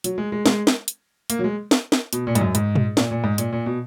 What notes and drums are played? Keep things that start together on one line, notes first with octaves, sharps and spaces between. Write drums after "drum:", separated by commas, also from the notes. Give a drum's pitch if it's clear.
F#3, drum: hi-hat
G#3
G#3
G#3, drum: snare
drum: snare
drum: hi-hat
A#3, drum: hi-hat
F#3
G#3
drum: snare
drum: snare
B2, drum: hi-hat
A#2
G#2, drum: hi-hat
F#2
G#2, drum: hi-hat
drum: tom A#2
A#2, drum: snare
A#2
G#2
A#2, drum: hi-hat
A#2
B2